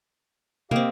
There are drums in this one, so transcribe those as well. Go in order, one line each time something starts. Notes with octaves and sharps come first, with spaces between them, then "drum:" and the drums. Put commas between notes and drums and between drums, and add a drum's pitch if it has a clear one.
A#3 C4 G4 D#5 F5, drum: tom